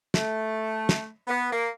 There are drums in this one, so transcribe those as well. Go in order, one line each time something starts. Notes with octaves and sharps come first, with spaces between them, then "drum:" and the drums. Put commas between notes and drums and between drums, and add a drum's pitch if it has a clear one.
A3, drum: snare
drum: snare
B3
A#3